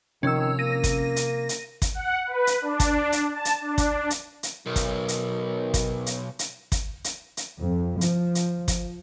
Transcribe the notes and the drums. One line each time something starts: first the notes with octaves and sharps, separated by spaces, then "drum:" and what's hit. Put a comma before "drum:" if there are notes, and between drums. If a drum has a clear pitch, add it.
C3 D#3 F3 C#4 E6
A#3 A#6 D#7
drum: kick, hi-hat
drum: hi-hat
drum: hi-hat
drum: kick, hi-hat
F#5
B4
drum: hi-hat
D4
drum: kick, hi-hat
drum: hi-hat
A5
drum: hi-hat
D4
drum: kick, hi-hat
drum: hi-hat
drum: hi-hat
B1 D#3
drum: kick, hi-hat
drum: hi-hat
drum: kick, hi-hat
drum: hi-hat
drum: hi-hat
drum: kick, hi-hat
drum: hi-hat
drum: hi-hat
F2
F3, drum: hi-hat
drum: hi-hat
drum: kick, hi-hat